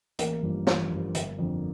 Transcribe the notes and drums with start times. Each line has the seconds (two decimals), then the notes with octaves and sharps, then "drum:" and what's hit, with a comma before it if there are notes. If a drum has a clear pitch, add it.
0.19 A1 A#3 A#4, drum: hi-hat
0.43 G2 F3
0.67 A1, drum: snare
0.91 G2 F3
1.15 G1, drum: hi-hat
1.38 F2 D3